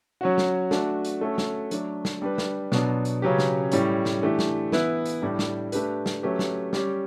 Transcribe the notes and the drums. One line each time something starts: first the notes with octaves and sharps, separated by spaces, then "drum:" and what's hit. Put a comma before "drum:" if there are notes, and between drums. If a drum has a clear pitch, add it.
F#3 C#4 F#4
drum: snare
A3 D4 F#4, drum: snare
drum: hi-hat
A3 C#4 F#4 A4
drum: snare
F#3 A3 D4, drum: hi-hat
drum: snare
G3 D4 G4 B4
drum: snare
B2 F#3 B3 D4, drum: snare
drum: hi-hat
C#3 F#3 C#4 G4 B4
drum: snare
A2 G3 C#4, drum: hi-hat
drum: snare
E3 A3 D4 G4
drum: snare
E3 B3 E4 B4, drum: snare
drum: hi-hat
A2 G3 D4 G4
drum: snare
A3 D4 G4 B4, drum: hi-hat
drum: snare
F#3 A3 C#4 G4 B4
drum: snare
G3 C#4 G4, drum: snare